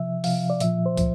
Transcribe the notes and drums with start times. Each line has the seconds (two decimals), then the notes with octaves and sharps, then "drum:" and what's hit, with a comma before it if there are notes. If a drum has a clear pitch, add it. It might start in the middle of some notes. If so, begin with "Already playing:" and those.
Already playing: C3 F3 E5
0.24 C3 F3 F5, drum: open hi-hat
0.50 D5
0.60 A#2 F3 E5, drum: hi-hat
0.86 C5
0.97 F3, drum: kick, hi-hat